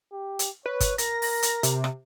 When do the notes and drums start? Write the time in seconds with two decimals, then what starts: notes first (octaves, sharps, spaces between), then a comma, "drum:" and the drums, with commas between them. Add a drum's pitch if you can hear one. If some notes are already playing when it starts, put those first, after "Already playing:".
0.12 G4
0.39 drum: hi-hat
0.66 B4 C#5
0.80 drum: kick G1, hi-hat
0.98 A#4 A#6, drum: hi-hat
1.22 drum: open hi-hat
1.42 drum: hi-hat
1.63 C3, drum: hi-hat
1.84 drum: rim click